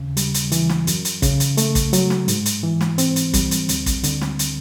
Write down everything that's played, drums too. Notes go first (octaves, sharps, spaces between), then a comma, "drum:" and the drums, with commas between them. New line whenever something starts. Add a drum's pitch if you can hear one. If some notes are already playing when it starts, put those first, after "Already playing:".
Already playing: D#2 C#3
G3, drum: hi-hat
drum: hi-hat
E3, drum: hi-hat
drum: snare
F#2, drum: hi-hat
drum: hi-hat
C#3, drum: kick, hi-hat
drum: hi-hat
A3, drum: hi-hat
drum: kick, hi-hat
F#3, drum: hi-hat
drum: snare
G#2, drum: hi-hat
drum: hi-hat
E3
drum: snare
C4, drum: hi-hat
drum: hi-hat
G3, drum: kick, hi-hat
drum: hi-hat
D2, drum: hi-hat
drum: kick, hi-hat
D3, drum: hi-hat
drum: snare
drum: hi-hat